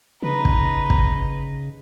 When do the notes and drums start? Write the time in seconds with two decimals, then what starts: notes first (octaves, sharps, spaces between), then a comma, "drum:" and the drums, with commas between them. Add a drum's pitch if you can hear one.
0.22 C#3 D#4 B4
0.45 drum: kick
0.90 drum: kick